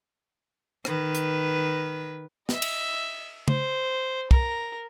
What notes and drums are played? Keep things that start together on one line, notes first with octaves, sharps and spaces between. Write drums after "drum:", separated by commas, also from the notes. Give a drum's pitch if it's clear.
D#3 B4, drum: rim click
drum: hi-hat
D#5 E5, drum: snare
drum: cymbal
C5, drum: tom C#3
A#4, drum: kick